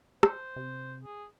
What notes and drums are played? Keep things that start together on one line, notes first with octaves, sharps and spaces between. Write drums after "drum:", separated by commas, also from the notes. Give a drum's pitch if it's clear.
C5, drum: rim click
C3
G#4